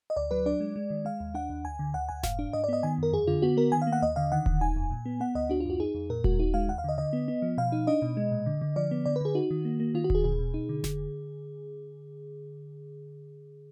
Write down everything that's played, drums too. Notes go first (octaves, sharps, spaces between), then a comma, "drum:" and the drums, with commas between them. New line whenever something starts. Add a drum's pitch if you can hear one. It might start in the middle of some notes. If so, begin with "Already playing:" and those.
D#5
D2 D5
F#3 B4
D4 D5
G#3
G#3
D#3
G#3 F5
D#2
D4 F#5
D#2
D2 G#5
D3
D2 F#5
D2 G#5
G#2 F5, drum: snare F1
D4
G#2 D#5
D5
B3 D#5
D#3 G#5
F#2 A#4
F2 G#4
D3 F4
B3 F#4
B3 A#4
D#3 G#5
F5
A#3
F#5
D#2 D#5
D3 F5
D#3 F#5
D#3, drum: kick D#1
D#4 G#5
F2
A#2
B3
B3 F#5
D2 D#5
D4 F#4
F4
F#2 F#4
D#4 G#4
F2
A#2 A#4
G#3 F#4, drum: kick D#1
D#4 F#4
G#3 F5
D#2 F#5
F5
D3 D#5
D3 D#5
B3
B3
F3
B2 F5
D#4
D4 D#5
B2
G#3
A#2
D3
D3
F3 D5
B3
D3 D5
B4
D3 G#4
D#4 F#4
D#3
A#3
A#3
D#3 F4
F#4
D#3 G#4, drum: kick D#1
B2 G#4
B2
D#4
D3
D3, drum: snare F1